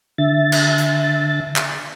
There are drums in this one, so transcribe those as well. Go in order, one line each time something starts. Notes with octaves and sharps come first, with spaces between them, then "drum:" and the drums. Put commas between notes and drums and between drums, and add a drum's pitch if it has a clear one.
D3 E5 A6
drum: cymbal
drum: hi-hat
drum: clap